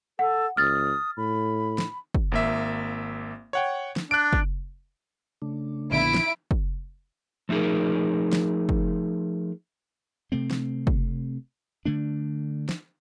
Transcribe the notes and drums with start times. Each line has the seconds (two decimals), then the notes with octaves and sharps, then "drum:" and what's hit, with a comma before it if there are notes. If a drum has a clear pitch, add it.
0.19 A4 F#5
0.57 C#2 D#6 F6 A6
1.17 A2 B5
1.78 drum: snare
2.15 drum: kick
2.32 G#1 A#3 E5
3.53 C#5 F#5 G5
3.96 drum: snare
4.11 D4 F#6 D7
4.33 drum: kick
5.42 C#3 A3 D4
5.92 A#1 D3 B3 E4 D7
6.14 drum: snare
6.51 drum: kick
7.49 F3 A3 D#4 G#4 A#4
8.32 drum: snare
8.69 drum: kick
10.32 C3 A3 C4
10.51 drum: snare
10.87 drum: kick
11.85 D3 A3 D4
12.69 drum: snare